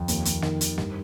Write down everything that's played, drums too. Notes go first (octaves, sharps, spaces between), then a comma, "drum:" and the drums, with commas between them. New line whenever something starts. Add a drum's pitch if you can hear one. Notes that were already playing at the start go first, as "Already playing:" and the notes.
Already playing: F2
D#2, drum: hi-hat
D#2, drum: hi-hat
D#3, drum: snare
D#3, drum: hi-hat
G2, drum: snare